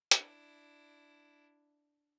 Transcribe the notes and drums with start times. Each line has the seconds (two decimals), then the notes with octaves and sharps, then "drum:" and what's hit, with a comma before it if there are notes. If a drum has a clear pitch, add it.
0.11 D4 E4, drum: hi-hat